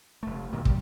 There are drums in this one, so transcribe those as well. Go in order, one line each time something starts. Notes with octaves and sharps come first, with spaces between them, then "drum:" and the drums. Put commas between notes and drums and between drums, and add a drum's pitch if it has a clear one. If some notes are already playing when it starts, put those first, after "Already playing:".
F1 A3
D2 A#2 D#3 F#3
G3, drum: kick